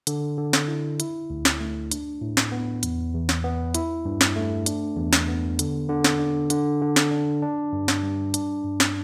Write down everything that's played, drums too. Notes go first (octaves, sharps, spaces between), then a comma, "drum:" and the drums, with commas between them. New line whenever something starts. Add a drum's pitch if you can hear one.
D3, drum: hi-hat
D3
drum: snare
E4
E4, drum: hi-hat
D2
drum: snare
A3
D4, drum: hi-hat
A2
drum: snare
B3
E2, drum: hi-hat
E2
drum: snare
B3
E4, drum: hi-hat
G2
drum: snare
A3
D4, drum: hi-hat
E2
drum: snare
B3
D3, drum: hi-hat
D3
drum: snare
D4
D3, drum: hi-hat
D3
drum: snare
D4
D4
G2
drum: snare
G3
D4, drum: hi-hat
G2
drum: snare